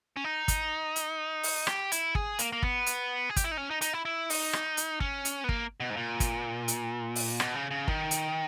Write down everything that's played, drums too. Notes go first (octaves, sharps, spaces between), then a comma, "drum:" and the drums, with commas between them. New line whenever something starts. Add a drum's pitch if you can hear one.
C#4
D#4
drum: kick, hi-hat
drum: hi-hat
drum: open hi-hat
G4, drum: rim click
E4, drum: hi-hat
G#4, drum: kick
A#3, drum: hi-hat
A#3
B3, drum: kick
drum: hi-hat
G#4
G4, drum: kick, hi-hat
E4
D#4
C#4
D#4
D#4, drum: hi-hat
E4
E4
D#4, drum: open hi-hat
drum: rim click
drum: hi-hat
C#4, drum: kick
drum: hi-hat
B3
A#3, drum: kick
B2
G#2
A#2
drum: kick, hi-hat
drum: hi-hat
drum: open hi-hat
B2, drum: rim click
C#3
C#3
D#3, drum: kick
drum: hi-hat